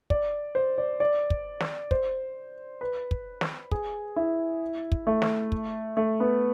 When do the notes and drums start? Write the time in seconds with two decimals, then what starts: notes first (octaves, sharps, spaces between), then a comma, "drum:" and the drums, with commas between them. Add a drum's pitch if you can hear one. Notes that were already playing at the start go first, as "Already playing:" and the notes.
0.10 D5, drum: kick
0.55 C5
0.78 D5
1.00 D5
1.30 drum: kick
1.60 drum: snare
1.91 C5, drum: kick
2.81 B4
3.11 drum: kick
3.41 drum: snare
3.71 G#4, drum: kick
4.16 E4
4.92 drum: kick
5.07 A3
5.22 drum: snare
5.52 drum: kick
5.97 A3
6.20 B3